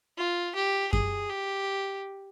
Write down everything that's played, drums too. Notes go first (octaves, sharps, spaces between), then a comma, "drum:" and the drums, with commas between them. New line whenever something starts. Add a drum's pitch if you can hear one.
F4
G4
G#4, drum: kick F#2
G4